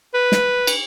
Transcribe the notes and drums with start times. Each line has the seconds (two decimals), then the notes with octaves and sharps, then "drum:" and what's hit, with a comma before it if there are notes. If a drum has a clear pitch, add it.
0.14 B4
0.32 drum: snare
0.67 drum: cymbal